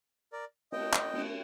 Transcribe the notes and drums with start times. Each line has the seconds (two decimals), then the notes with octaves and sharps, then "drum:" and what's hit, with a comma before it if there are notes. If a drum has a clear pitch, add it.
0.32 A#4 D5
0.72 D#5 G5, drum: cymbal
0.93 drum: clap
1.13 drum: cymbal